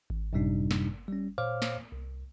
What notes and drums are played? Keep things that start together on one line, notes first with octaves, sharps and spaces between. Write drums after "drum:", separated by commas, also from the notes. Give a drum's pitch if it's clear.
drum: kick G#1
F#2 A2 C3 G3 D4 D#4
drum: snare
G3 C#4
A#2 C5 C#5 F5 D6 F6
drum: snare
C2